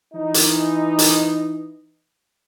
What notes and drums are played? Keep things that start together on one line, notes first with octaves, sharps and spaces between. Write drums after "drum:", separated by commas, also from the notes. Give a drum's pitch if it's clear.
E3 D#4
drum: hi-hat
drum: hi-hat